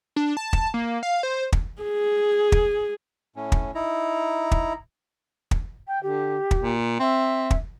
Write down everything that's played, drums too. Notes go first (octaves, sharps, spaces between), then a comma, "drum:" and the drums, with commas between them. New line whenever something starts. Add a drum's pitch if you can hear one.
D4
A5
drum: kick
A#3
F5
C5
drum: kick
G#4
drum: kick
A2 C#4
drum: kick
D#4 E4 A#5
drum: kick
drum: kick
G5
D3 G4
drum: kick
A#2
C4 E5
drum: kick